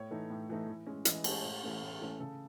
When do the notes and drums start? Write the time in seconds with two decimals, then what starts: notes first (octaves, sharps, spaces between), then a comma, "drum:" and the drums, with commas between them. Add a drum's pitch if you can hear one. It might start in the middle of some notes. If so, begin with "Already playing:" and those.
Already playing: A2 C#5
0.11 E3 A3 D#4
0.30 A2
0.50 E3 A3 D#4
0.68 E3
0.87 G#3 C#4
1.05 E3 D#5, drum: hi-hat
1.24 G#3 C#4 A4, drum: cymbal
1.44 A2
1.63 E3 A3 C#4
1.82 A2
2.01 E3 A3 C#4
2.20 C#3 A4